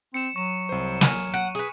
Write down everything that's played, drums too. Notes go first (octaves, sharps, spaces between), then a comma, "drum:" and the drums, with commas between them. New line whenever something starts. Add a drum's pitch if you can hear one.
C4 C#7 E7
F#3 C#6 E7
C2 C5
G#5 F6 D#7, drum: snare
F#5 D7
G#4 B4